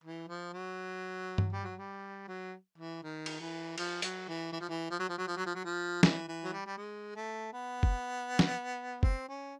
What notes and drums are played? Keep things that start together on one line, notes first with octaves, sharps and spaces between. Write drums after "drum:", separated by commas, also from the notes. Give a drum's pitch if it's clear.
E3
F3
F#3
drum: tom G2
G3
F#3
G3
F#3
E3
D#3
drum: cymbal
E3
F3, drum: cymbal
F#3, drum: hi-hat
E3
E3
F3
E3
F3
F#3
F3
F#3
F3
F#3
F3
F#3
F3
E3, drum: snare
E3
F#3
G3
G3
G#3
A3
B3
drum: kick
drum: snare
C4, drum: kick
C#4